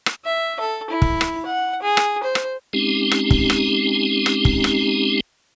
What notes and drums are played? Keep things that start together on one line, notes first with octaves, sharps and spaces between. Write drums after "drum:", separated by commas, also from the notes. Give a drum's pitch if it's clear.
drum: rim click
E5
A4
E4
drum: kick
drum: rim click
F#5
G#4
drum: rim click
C5
drum: rim click
G#3 C4 C#4 D#4 G4
drum: rim click
drum: kick
drum: rim click
drum: rim click
drum: kick
drum: rim click